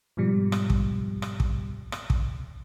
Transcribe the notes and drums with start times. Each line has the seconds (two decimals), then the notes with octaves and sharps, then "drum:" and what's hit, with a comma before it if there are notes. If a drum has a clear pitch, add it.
0.17 G#2 B2 F3 G3
0.52 drum: rim click
0.70 drum: kick
1.22 drum: rim click
1.40 drum: kick
1.92 drum: rim click
2.10 drum: kick